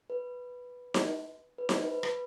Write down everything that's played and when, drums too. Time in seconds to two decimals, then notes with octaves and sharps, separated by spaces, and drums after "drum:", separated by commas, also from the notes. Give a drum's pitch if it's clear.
0.10 B4
0.94 drum: snare D#4
1.58 B4
1.69 C5, drum: snare D#4
1.81 B4
1.92 B4
2.03 B4, drum: rim click